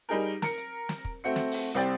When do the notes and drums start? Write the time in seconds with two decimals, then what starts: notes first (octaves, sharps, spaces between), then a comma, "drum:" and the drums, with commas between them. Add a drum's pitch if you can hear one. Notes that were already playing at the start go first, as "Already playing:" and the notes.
0.09 G3 D#4 G#4 A#4
0.42 A#4 C#7, drum: snare
0.58 drum: hi-hat
0.89 drum: snare
1.05 drum: kick
1.24 A3 C4 F#4 C#7
1.36 drum: snare
1.52 drum: open hi-hat
1.75 C2 G3 C4 D5 G5 A6